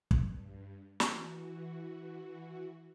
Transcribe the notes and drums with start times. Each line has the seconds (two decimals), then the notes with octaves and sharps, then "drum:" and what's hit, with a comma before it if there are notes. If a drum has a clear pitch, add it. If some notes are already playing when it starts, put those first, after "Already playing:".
0.11 G2, drum: kick
1.00 E3 F#4, drum: snare